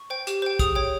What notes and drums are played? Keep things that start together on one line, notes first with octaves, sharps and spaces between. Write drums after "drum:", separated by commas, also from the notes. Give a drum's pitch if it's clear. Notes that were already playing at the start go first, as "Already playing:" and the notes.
Already playing: C#6
C5 G5
G4, drum: hi-hat
C5 G5
G#4 D#6, drum: kick, hi-hat
C#5 G5